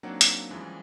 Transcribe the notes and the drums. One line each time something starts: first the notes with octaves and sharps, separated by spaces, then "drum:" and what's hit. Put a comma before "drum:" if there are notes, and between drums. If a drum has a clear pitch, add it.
F#3 A#3 C4 D4 D#4 F#5
drum: hi-hat
F#2 E3 F3 G3 G#3 B3